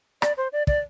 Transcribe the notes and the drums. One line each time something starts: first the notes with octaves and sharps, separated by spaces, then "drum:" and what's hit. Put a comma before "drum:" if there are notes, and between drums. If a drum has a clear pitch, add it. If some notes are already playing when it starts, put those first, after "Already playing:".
D5, drum: rim click
C5
D5
D5, drum: kick